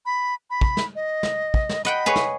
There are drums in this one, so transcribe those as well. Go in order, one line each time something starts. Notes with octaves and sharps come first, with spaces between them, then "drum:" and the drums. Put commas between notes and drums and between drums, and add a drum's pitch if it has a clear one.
B5
B5
drum: kick
drum: snare
D#5
drum: snare
drum: kick
drum: snare
D#5 F#5 G5 B5
G#4 B4 C#5
drum: snare